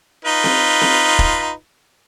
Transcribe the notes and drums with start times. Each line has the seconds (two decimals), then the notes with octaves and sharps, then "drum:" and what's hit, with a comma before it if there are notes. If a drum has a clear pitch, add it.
0.25 D#4 F4 B4
0.44 drum: snare C4
0.81 drum: snare C4
1.19 drum: kick